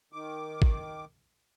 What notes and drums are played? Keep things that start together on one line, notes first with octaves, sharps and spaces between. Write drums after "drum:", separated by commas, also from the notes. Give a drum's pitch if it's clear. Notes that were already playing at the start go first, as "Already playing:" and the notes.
D#3 D6
drum: kick G#1